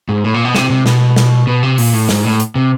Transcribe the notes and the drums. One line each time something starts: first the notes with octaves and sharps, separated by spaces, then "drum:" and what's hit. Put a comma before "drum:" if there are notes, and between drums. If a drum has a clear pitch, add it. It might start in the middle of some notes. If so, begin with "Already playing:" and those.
G#2
A2
A#2
B2
C3, drum: snare
C3
B2, drum: snare
drum: snare
B2
C3
A#2, drum: open hi-hat
A2
G#2, drum: snare
A2
drum: hi-hat
C3